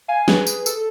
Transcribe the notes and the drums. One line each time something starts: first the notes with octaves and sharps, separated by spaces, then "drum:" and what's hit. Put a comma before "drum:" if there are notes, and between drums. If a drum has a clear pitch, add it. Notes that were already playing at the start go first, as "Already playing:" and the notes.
F5 G#5
G#4 B4, drum: snare
drum: tambourine
A4, drum: tambourine